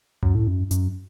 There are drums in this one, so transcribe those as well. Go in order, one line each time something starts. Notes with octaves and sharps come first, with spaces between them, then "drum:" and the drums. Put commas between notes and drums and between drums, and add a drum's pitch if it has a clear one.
F#2, drum: tom C#2
A2
F#2
F#2, drum: hi-hat